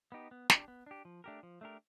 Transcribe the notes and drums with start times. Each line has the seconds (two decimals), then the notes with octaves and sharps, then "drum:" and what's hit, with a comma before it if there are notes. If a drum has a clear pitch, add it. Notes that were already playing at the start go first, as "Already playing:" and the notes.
0.12 B3 D#4 G4
0.31 B3
0.50 D4 G4, drum: snare
0.68 B3
0.86 D4 G4
1.05 F3
1.24 A3 D4 G4 A#4
1.43 F3
1.61 A3 D4 G4 A#4